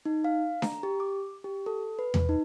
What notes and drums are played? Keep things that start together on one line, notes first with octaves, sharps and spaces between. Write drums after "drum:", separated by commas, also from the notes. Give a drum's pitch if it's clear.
D#4
F5
A#5, drum: snare D4
G4
D6
G4
A4
B4
drum: tom E2
D#4